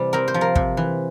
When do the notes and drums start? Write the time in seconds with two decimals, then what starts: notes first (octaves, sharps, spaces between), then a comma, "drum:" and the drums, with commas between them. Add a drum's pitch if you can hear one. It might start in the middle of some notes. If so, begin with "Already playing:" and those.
Already playing: C3 E3 G3
0.13 C4 A#4
0.28 C5
0.34 F3
0.41 A#4
0.56 C3, drum: kick
0.77 E3